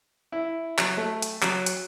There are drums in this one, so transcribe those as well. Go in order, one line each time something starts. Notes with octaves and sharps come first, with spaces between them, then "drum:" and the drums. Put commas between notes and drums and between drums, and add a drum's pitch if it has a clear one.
E4
F#3, drum: clap
A3
drum: hi-hat
F#3, drum: clap
drum: hi-hat